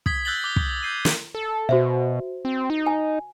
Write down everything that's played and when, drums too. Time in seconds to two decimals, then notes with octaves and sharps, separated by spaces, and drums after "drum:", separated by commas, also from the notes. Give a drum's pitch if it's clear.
0.06 D#6 G#6 B6 G7, drum: kick
0.25 E6 F#6 G6 A6 F#7 G7
0.44 D6 G6 G7
0.56 drum: kick
0.83 G6 C7 D#7
1.05 drum: snare
1.35 A4
1.69 B2 F#4 C5 E5
2.45 C4
2.70 D#4
2.86 G#5